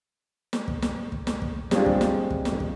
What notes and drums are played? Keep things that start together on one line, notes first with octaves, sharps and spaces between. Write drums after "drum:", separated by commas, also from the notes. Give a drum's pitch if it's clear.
drum: snare
drum: kick
drum: snare
drum: kick
drum: snare
drum: kick
G3 G#3 C4 D4 F4, drum: snare
drum: kick
drum: snare
drum: kick
drum: snare
drum: kick